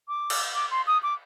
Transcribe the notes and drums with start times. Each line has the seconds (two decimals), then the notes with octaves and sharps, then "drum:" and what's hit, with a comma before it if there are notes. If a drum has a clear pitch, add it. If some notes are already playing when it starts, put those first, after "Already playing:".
0.08 D6
0.30 drum: cymbal
0.55 D6
0.71 C6
0.87 D#6
1.03 D6